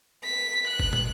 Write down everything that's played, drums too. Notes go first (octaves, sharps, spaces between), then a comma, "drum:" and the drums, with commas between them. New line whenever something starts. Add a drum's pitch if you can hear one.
B6
F#6
drum: kick
drum: tom